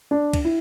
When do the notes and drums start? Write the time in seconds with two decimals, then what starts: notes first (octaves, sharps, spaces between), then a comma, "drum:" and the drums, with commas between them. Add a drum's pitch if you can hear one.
0.11 D4
0.33 drum: kick, cymbal
0.45 E4